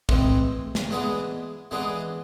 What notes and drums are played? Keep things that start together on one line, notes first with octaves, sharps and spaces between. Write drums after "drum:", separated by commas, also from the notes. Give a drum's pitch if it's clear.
A2 E3 G#3 C4, drum: kick
drum: snare
E3 G#3 B3 D4 G#4
E3 G#3 B3 D4 G#4